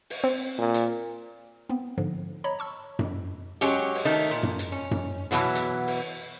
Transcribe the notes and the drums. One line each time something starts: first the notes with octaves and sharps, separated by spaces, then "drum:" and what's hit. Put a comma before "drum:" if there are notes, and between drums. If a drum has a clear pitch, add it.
drum: open hi-hat
C4
A#2
drum: hi-hat
B3 C4
G#2 D3 F3
C#5 D#5 A#5 B5
A5 C#6 E6
drum: tom F#2
F#3 G#3 C#4 G4, drum: hi-hat
drum: open hi-hat
D#3 A3 D#4
A#2
drum: tom F#2
drum: hi-hat
C#4
drum: tom F#2
B2 E3 F#3 B3
drum: hi-hat
drum: open hi-hat